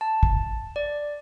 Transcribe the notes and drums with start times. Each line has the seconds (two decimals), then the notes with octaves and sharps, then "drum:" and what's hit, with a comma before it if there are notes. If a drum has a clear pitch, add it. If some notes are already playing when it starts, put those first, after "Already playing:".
0.01 A5
0.23 drum: kick
0.76 D5